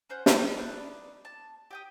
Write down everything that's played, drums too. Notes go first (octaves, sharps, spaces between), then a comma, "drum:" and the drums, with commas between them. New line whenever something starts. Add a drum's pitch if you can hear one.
C#4 C5 F#5 G6
B4 G5, drum: snare
D4 D#4 B4 D5
A5
G4 G5 D#6